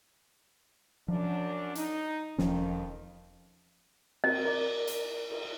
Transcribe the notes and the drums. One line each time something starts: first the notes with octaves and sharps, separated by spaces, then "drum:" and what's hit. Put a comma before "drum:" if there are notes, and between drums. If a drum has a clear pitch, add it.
F#2 F3 D4
D#4, drum: hi-hat
E1 F2 D#3 F3 C#4, drum: snare
C4 F#4 A#4 D#5, drum: cymbal
A#4 D5
drum: hi-hat
drum: cymbal